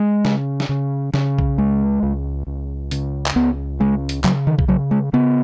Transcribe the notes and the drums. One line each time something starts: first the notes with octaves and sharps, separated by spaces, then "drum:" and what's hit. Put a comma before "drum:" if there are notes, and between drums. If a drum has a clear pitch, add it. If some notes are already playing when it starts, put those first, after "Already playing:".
Already playing: G#3
C#3, drum: snare
drum: snare
C#3
C#3, drum: snare
drum: kick B1
C#2 G#3
C#2
C#2
C#3, drum: hi-hat
drum: clap
C#2 B3
C#3 G#3
drum: hi-hat
C#3 F#3, drum: clap
D#3
drum: kick B1
C#3 F#3
G#3
C#3 B3